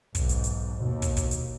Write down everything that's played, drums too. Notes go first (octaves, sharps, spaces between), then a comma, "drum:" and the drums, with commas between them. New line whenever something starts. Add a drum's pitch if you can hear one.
B1 G#2, drum: kick, hi-hat
drum: hi-hat
drum: hi-hat
D#2 B2
drum: kick, hi-hat
drum: kick, hi-hat
drum: hi-hat